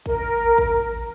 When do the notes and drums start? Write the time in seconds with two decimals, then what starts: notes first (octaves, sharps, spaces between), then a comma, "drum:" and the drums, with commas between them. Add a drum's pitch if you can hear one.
0.06 A#4, drum: kick A1
0.58 drum: kick A1